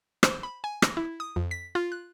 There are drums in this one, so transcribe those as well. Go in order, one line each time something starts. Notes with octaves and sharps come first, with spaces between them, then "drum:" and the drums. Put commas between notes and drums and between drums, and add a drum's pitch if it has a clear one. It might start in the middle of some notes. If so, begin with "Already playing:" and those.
C5, drum: rim click
B5
G#5
A#6, drum: rim click
E4
D#6
F2
B6
F4
F#6